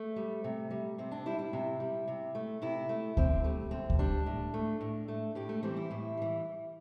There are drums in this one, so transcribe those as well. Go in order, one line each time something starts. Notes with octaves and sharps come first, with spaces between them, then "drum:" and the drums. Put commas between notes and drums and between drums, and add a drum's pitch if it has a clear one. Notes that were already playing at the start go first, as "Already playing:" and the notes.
Already playing: A3
G3
C3
G3
C3 C4
D4
G3 E4
E4
C3
G3
C3
A3
C3 E4
A3
D3 C4, drum: kick D2
G3 A3
D3 C4
drum: kick D2
G3 D4
A2
A3
A2
A3
A2 G4
A3
E3 G3 C4
E4
A2
E3 G3